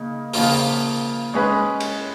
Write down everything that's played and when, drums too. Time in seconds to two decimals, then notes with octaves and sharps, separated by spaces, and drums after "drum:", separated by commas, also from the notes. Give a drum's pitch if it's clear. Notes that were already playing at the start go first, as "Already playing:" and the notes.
Already playing: C#3 A#3 D#4
0.33 C#3 F3 A#3 F4 A#4, drum: open hi-hat
1.34 G#3 C#4 G#4 B4
1.80 drum: cymbal